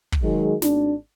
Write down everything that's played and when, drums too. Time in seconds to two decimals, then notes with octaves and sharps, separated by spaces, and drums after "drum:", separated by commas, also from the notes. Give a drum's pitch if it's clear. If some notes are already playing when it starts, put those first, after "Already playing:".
0.12 drum: kick
0.22 D#3 F#3 G#3
0.62 G#1 D4, drum: snare